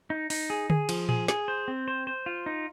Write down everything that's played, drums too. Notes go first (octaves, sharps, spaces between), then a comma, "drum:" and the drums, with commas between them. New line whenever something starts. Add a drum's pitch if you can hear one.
D#4
D#4, drum: open hi-hat
G#4
G#4, drum: tom D3
F3, drum: cymbal
G#4, drum: tom A#2
G#4, drum: snare
C5
C4
C5
C5
F4
D#4